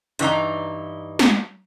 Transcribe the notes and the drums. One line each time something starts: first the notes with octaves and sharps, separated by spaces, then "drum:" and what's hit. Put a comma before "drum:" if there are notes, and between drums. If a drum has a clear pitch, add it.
G2 E3 D#4 A#5, drum: hi-hat
drum: snare